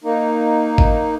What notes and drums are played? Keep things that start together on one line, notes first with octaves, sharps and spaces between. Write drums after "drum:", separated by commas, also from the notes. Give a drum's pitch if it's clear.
A#3 D#4
drum: kick G#1